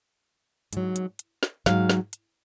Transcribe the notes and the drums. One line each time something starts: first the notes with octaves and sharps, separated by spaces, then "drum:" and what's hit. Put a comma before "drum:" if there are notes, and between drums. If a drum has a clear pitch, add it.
G#2 F#3, drum: hi-hat
drum: hi-hat
drum: hi-hat
drum: snare
G#2 F#3 F5, drum: snare
drum: snare
drum: hi-hat